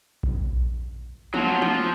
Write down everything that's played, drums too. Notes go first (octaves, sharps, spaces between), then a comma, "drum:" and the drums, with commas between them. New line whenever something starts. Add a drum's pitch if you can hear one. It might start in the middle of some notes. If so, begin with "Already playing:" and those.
drum: kick A#1
F3 F#3, drum: tom
F3, drum: tom